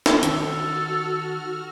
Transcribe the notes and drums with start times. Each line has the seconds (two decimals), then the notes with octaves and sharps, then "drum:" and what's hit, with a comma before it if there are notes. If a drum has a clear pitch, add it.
0.06 drum: snare
0.23 D#3 F#4 A4 E6 F6, drum: hi-hat